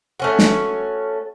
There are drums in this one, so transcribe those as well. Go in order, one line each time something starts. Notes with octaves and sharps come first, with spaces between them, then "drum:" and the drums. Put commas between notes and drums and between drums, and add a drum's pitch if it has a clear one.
A3 C#4 F#4
drum: snare